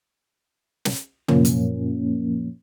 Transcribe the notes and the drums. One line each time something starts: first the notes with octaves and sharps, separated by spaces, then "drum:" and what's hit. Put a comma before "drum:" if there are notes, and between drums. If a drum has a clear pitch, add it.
drum: snare
F#2 A#2 F3 A#3 C#4, drum: tom
drum: hi-hat